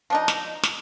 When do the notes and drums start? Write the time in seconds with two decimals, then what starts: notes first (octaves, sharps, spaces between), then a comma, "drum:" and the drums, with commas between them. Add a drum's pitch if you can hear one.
0.10 F3 D4 D#4
0.28 drum: snare
0.63 drum: snare